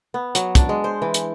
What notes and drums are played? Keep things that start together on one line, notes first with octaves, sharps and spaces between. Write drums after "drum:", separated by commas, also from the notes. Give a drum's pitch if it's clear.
B3
F#3, drum: hi-hat
D4, drum: kick, hi-hat
G#3
C5
E3
drum: hi-hat